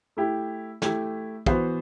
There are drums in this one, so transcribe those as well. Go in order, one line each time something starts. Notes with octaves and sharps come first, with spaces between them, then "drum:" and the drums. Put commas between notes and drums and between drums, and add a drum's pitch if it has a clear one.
A3 E4 G4
A3 E4 G4, drum: snare
E3 B3 F#4 C5, drum: kick